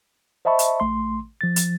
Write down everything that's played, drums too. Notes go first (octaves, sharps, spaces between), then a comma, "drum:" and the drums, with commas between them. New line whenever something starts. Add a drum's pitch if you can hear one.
C5 D#5 E5 A5 B5 C#6
drum: hi-hat
A1 A3 C6
F3 A6
drum: hi-hat